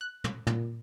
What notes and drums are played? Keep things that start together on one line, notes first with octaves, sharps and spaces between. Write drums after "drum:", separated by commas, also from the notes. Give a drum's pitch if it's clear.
F#6
drum: tom
A#2, drum: tom